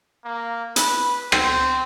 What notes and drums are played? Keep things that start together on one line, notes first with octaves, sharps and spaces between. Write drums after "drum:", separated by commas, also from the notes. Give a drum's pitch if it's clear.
A#3
B4, drum: hi-hat
C4, drum: rim click